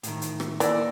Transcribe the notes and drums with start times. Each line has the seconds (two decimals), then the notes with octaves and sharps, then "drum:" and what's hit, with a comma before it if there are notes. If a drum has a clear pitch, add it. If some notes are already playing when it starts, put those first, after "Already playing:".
0.03 A2 D#3, drum: hi-hat
0.22 drum: hi-hat
0.40 drum: rim click
0.60 E3 A#3 D5 E6 A#6, drum: hi-hat